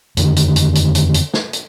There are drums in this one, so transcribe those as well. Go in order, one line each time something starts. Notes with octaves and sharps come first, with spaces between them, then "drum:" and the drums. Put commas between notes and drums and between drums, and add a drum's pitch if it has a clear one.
F2 D3 D#3, drum: hi-hat
drum: hi-hat
drum: hi-hat
drum: hi-hat
drum: hi-hat
drum: hi-hat
drum: snare
drum: hi-hat